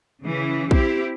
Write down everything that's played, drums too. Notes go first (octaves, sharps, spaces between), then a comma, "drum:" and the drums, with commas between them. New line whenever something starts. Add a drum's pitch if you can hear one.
C#3 E3
C4 E4 G4, drum: kick